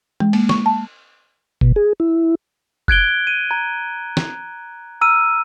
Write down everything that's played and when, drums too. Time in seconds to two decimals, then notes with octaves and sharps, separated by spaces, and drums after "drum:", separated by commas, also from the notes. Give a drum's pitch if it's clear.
0.20 G#3, drum: tom
0.33 A#3, drum: cymbal
0.49 C#6, drum: snare
0.66 A5
1.61 B2, drum: kick F#1
1.76 G#4
2.00 E4
2.88 F#6 G#6 D7 G7, drum: kick F#1
3.27 D#7
3.51 A#5 G#6
4.17 drum: snare
5.01 A#5 E6 F6 D#7